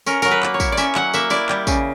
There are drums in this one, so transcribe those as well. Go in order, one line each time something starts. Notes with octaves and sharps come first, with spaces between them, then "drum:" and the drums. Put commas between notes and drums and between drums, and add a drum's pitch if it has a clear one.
C#4 A#4, drum: tambourine
F#3 A#4, drum: tambourine
B4
A#3, drum: clap
C#5
E4, drum: kick, tambourine
D5
C#4 E5, drum: tambourine
F#3 F#5, drum: clap
A#3 E5, drum: tambourine
E4 D5, drum: tambourine
G3, drum: clap
C#3, drum: kick, tambourine